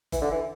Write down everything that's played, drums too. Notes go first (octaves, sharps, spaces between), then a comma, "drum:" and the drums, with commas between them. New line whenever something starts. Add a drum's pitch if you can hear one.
E3, drum: kick F#1, hi-hat
D3
E3